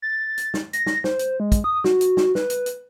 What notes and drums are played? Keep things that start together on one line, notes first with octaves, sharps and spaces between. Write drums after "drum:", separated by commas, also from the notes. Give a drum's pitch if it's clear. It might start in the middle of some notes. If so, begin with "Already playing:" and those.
A6
drum: hi-hat
drum: snare
A#6, drum: hi-hat
drum: snare
C5, drum: snare
drum: hi-hat
G#3
drum: kick, hi-hat
D#6
F#4, drum: snare
drum: hi-hat
drum: snare
B4, drum: snare
drum: hi-hat
drum: hi-hat